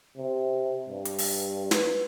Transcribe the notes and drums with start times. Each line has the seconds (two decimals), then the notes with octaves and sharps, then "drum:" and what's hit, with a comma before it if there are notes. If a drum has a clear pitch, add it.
0.17 C3
0.89 G2
1.05 drum: hi-hat
1.18 drum: open hi-hat
1.71 B4, drum: snare